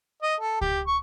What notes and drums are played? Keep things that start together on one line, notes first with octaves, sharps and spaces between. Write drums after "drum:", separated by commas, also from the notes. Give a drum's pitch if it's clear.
D#5
A4
G4, drum: kick C#2
C#6